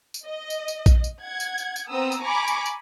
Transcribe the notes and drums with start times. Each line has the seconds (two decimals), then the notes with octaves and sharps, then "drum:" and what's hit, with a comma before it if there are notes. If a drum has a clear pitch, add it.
0.14 drum: tambourine
0.24 D#5
0.50 drum: tambourine
0.68 drum: tambourine
0.86 drum: kick A#1, tambourine
1.04 drum: tambourine
1.22 F#5 G#6
1.40 drum: tambourine
1.58 drum: tambourine
1.76 drum: tambourine
1.89 B3 C4 A#5 D#6 E6
2.12 drum: tambourine
2.22 G#5 A#5 B5 C#6 D6
2.48 drum: tambourine
2.66 drum: tambourine